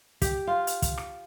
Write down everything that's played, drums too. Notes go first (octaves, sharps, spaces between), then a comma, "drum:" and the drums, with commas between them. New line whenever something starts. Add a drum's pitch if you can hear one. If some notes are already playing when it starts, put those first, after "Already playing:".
G4, drum: kick, hi-hat
F4
drum: hi-hat
drum: kick, hi-hat
drum: rim click